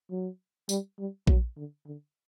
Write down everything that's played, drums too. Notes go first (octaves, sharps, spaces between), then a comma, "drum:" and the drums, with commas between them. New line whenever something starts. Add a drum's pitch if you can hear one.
F#3
G3, drum: tambourine
G3
F#3, drum: kick A#1
D3
D3